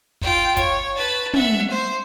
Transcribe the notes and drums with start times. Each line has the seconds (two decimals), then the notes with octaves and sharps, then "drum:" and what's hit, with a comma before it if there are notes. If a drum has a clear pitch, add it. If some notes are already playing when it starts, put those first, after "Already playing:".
0.21 F4 G5, drum: kick
0.57 C#5, drum: kick, hi-hat
0.96 B4 A5
1.33 E5 F#5, drum: tom
1.70 C5